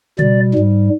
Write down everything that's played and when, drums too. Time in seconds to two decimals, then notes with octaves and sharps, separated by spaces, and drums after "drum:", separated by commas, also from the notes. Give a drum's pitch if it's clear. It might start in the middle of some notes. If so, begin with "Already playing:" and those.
0.19 B2 G3 D5, drum: tom C#3
0.54 G#2 G3